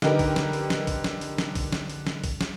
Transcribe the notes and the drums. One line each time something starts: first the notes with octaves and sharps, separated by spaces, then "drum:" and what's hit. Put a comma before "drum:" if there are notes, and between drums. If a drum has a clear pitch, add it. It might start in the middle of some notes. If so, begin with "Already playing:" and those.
D3 D#4 G4 A#4 B4, drum: snare
drum: kick, open hi-hat
drum: snare
drum: open hi-hat
drum: snare
drum: kick, open hi-hat
drum: snare
drum: open hi-hat
drum: snare
drum: kick, open hi-hat
drum: snare
drum: open hi-hat
drum: snare
drum: kick, open hi-hat
drum: snare